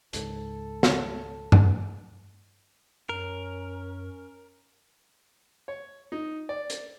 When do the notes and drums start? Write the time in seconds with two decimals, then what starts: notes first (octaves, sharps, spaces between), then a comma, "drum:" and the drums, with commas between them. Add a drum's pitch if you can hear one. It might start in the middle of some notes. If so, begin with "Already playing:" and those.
0.13 C#2 G#2 A4, drum: hi-hat
0.83 drum: snare
1.52 drum: tom G2
3.09 F#2 C#4 A#4
5.68 C#5
6.12 D#4
6.49 D5
6.70 drum: hi-hat